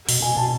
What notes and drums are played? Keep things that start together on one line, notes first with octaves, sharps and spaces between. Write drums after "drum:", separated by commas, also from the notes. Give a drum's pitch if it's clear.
B2, drum: open hi-hat
B2 G#5
B2 A5